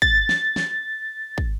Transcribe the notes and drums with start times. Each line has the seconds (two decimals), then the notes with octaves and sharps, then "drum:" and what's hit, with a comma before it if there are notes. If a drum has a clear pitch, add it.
0.02 A6, drum: kick
0.29 drum: snare
0.56 drum: snare
1.38 drum: kick